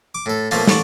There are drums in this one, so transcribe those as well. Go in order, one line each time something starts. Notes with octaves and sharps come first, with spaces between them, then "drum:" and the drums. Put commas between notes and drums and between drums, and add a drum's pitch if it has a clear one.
D6
A2 A4
B1 F3 A3 A#3 A5, drum: open hi-hat
A1 A5 C#6 D6, drum: snare